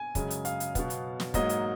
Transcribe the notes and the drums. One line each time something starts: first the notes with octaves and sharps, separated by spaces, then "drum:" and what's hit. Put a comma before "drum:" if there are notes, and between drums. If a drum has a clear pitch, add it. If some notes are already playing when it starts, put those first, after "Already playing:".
Already playing: G#5
F#2 C#3 G#3, drum: kick, hi-hat
drum: hi-hat
F5, drum: hi-hat
drum: hi-hat
B2 F#3 B3, drum: kick, hi-hat
drum: hi-hat
drum: snare
G#2 F#3 A#3 D#5, drum: kick, hi-hat
drum: hi-hat